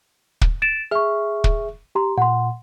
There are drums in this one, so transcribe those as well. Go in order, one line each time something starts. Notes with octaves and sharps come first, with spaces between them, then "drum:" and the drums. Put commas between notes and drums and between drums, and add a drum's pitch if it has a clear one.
drum: kick
A6 D7 E7
G#4 E5 C#6 F6
drum: kick
G4 A#5 C6
A#2 F#5 C6